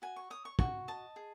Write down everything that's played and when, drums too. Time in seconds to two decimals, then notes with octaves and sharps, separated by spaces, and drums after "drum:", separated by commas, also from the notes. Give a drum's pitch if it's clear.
0.02 F#4 G#5
0.16 C#6
0.30 C#5 D#6
0.45 C#6
0.59 F#4 C#6, drum: kick
0.88 D#5 A5
1.16 G#4